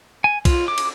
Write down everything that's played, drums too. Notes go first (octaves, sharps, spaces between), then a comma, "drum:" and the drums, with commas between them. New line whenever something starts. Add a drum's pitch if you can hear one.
G#5
F4, drum: kick B1, cymbal
D6
drum: cymbal